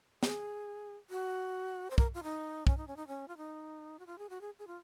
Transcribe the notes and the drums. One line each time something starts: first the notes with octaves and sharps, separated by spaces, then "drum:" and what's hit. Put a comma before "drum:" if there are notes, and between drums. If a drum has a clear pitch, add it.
G#4, drum: snare
F#4
C5
A#4, drum: kick
F4
D#4
C#4, drum: kick
D#4
C#4
D#4
C#4
F4
D#4
F#4
F4
G#4
F#4
G#4
G#4
F4